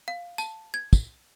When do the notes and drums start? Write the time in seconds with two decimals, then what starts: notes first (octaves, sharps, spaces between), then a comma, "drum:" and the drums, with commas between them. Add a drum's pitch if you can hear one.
0.08 F5
0.38 A5, drum: tambourine
0.74 G#6
0.93 drum: kick, tambourine